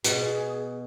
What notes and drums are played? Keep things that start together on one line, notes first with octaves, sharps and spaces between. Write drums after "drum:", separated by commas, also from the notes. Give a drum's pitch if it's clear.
B2 G#4, drum: hi-hat